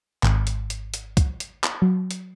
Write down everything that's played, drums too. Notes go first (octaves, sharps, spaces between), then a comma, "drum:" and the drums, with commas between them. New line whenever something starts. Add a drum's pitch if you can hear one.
G#1, drum: clap
drum: hi-hat
drum: hi-hat
drum: hi-hat
drum: kick C#2, hi-hat
drum: hi-hat
drum: clap
F#3
drum: hi-hat